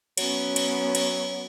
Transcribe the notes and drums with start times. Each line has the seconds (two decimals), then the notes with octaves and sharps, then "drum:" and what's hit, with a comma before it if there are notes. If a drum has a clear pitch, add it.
0.17 F#3 B3 C#4, drum: cymbal
0.56 drum: cymbal
0.95 drum: cymbal